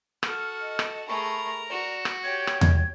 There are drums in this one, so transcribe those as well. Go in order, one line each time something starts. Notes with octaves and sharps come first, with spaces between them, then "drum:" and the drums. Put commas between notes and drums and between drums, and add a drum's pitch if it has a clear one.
F#4 A4 F6, drum: rim click
D#5
drum: rim click
A3 G#4 A#4 A#5 B5 C#6
F#4 D5 E7
drum: rim click
G4 C#5 G5 G#6
drum: rim click
drum: tom E2